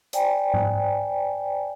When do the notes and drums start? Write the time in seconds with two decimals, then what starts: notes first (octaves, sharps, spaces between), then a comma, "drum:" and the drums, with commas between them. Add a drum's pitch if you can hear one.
0.13 C5 D5 G5 G#5 A#5, drum: hi-hat
0.54 drum: tom G#2